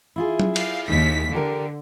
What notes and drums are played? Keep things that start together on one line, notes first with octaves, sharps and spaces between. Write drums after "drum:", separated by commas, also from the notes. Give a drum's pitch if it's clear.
E4 F4 G#4
drum: tom F#3
F5, drum: cymbal
D#2 B6
D3 G4 A#4